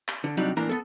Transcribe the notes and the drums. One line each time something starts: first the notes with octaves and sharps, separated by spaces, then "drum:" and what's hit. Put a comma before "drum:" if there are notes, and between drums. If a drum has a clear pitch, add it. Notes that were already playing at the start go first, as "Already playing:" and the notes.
drum: clap
D3
C2 C3 F#3 G3 D4 D#4
A2 E3 A#3 D4 A#5
B3 A4